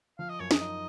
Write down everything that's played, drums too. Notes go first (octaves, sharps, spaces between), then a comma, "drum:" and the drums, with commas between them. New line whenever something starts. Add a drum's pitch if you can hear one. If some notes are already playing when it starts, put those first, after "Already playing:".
F3 F5
D#5
F#2 C#5
D#5, drum: snare
D#4